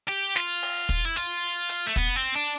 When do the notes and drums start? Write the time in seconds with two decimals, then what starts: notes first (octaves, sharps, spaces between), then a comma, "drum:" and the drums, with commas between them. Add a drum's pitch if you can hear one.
0.09 G4
0.36 F4, drum: snare
0.62 drum: open hi-hat
0.89 drum: kick
1.05 E4
1.16 F4, drum: hi-hat
1.69 drum: hi-hat
1.87 A3
1.96 B3, drum: kick
2.16 C4
2.36 D4